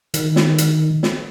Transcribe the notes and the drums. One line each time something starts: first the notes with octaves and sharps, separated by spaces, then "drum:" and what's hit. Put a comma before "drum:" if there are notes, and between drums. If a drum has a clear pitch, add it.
D#3, drum: hi-hat
drum: snare
drum: hi-hat
drum: snare